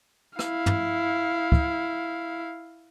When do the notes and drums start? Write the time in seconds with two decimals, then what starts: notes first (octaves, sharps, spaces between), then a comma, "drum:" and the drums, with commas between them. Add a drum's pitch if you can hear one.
0.39 E4 F5, drum: rim click
0.66 drum: tom G2
1.52 drum: kick